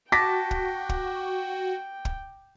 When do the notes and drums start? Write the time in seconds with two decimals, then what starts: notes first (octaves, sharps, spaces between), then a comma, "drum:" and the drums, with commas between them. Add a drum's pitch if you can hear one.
0.12 F#4 G5 A5 D6 A#6 B6
0.51 drum: kick
0.89 drum: kick
2.05 drum: kick